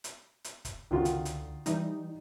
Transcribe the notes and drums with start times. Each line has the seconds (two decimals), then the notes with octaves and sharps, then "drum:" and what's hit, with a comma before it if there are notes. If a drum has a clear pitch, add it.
0.04 drum: hi-hat
0.44 drum: hi-hat
0.65 drum: kick, hi-hat
0.91 C#2 D3 D#3 F4 F#4
1.05 drum: hi-hat
1.25 drum: hi-hat
1.66 E3 G3 D#4, drum: hi-hat